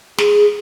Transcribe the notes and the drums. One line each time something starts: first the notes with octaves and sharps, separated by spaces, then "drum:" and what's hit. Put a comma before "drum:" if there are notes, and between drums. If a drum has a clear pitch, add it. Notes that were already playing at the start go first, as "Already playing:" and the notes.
G#4, drum: snare